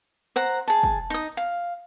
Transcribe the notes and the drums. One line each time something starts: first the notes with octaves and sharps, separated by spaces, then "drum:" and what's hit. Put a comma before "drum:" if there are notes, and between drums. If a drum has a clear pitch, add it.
C5 F#5 A#5
G#4 A5
drum: kick
D#4 D#6
F5